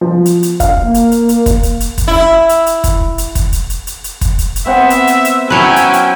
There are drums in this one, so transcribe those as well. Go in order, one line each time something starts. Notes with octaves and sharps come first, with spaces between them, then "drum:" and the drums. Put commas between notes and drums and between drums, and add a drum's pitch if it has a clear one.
F3
drum: hi-hat
drum: hi-hat
F5, drum: kick, hi-hat
A#3
drum: hi-hat
drum: hi-hat
drum: hi-hat
drum: kick, hi-hat
drum: hi-hat
drum: hi-hat
drum: kick, hi-hat
E4
drum: hi-hat
drum: hi-hat
drum: kick, hi-hat
drum: hi-hat
drum: kick, hi-hat
drum: hi-hat
drum: hi-hat
drum: hi-hat
drum: hi-hat
drum: kick, hi-hat
drum: hi-hat
drum: hi-hat
B3 C4 E5 F#5
drum: hi-hat
drum: hi-hat
drum: hi-hat
F#3 C#4 E4 B4 G5 G#5
drum: hi-hat
drum: hi-hat